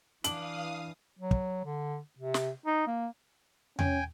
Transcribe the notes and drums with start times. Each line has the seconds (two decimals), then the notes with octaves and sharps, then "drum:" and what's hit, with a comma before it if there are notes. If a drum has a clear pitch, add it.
0.24 E3 D4 F5 D#6 F#7, drum: hi-hat
1.19 F#3
1.31 drum: kick
1.64 D3
2.19 C3
2.34 drum: snare
2.66 D#4
2.87 A#3
3.79 C#4 G5 G#5, drum: tom E2